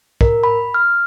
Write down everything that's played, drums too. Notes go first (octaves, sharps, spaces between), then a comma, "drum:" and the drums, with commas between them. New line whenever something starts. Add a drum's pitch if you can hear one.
A#4, drum: kick
B5
F6